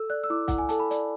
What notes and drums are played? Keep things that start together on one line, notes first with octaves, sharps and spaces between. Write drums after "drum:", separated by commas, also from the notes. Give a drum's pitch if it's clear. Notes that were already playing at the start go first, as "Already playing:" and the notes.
Already playing: A4 E6
D5 F#6
E6
E4 D6
E4 F#5, drum: kick C2, hi-hat
G#5
A4 A5, drum: hi-hat
B5
D5, drum: hi-hat